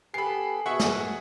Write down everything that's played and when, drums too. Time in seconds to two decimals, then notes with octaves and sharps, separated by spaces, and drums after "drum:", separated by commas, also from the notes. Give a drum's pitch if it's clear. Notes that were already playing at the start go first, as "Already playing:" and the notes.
0.14 B3 G4 A4 G#5 B5 C7
0.66 B2 G#4 E5 F#5 C#6
0.79 drum: snare